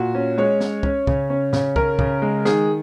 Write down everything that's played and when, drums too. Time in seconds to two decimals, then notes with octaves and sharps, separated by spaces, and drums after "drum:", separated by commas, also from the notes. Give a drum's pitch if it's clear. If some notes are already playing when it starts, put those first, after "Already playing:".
Already playing: A#2 F#4
0.15 C#4
0.38 G#3 C#5
0.60 C#4, drum: snare
0.83 C#4, drum: kick
1.07 C#3, drum: kick
1.30 C#4
1.53 C#3, drum: snare
1.76 C#4 A#4, drum: kick
1.99 C#3, drum: kick
2.22 G#3
2.45 D#3 G#4, drum: snare